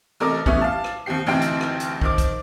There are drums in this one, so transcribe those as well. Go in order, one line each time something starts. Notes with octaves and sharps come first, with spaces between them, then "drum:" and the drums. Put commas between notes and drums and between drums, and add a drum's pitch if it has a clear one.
A1 C3 A4 A#4 D#5 D6
E3 G3 A3 B3 C#4 E4, drum: kick
F5 A5
drum: rim click
D#2 C3 F3 G4 C7
A1 D2 C3 E3 D#4 G5
drum: hi-hat
drum: rim click
drum: hi-hat
D#3 F3 D6, drum: kick
drum: kick, hi-hat